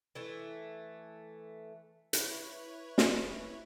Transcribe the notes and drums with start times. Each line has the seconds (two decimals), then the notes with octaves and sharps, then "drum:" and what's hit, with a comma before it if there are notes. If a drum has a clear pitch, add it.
0.15 E3 A3
2.13 E4 B4 C#5, drum: hi-hat
2.98 drum: snare